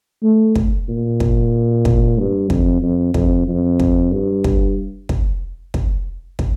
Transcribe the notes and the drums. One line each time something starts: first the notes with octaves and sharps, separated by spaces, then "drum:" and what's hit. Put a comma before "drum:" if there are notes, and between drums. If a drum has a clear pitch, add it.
A3
drum: kick
A#2
drum: kick
drum: kick
G2
F2, drum: kick
F2
F2, drum: kick
F2
drum: kick
G2
drum: kick
drum: kick
drum: kick
drum: kick